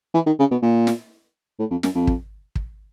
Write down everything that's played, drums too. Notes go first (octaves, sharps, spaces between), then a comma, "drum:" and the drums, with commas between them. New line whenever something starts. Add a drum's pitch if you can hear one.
E3
D#3
C#3
B2
A#2
drum: snare
A2
F2
F#2, drum: snare
F2
drum: kick
drum: kick